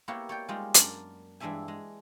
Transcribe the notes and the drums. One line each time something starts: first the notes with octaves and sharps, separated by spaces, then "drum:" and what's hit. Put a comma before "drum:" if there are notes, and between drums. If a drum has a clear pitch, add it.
A#3 B3 E4 G4 C#5 F#5
C#5 D5 G5
G3 G#3 D#4 F4 G4 G#4
F#2 D4 A#4 D5 C6, drum: hi-hat
G2 E3 G#3 D4 E5 G#5
G#3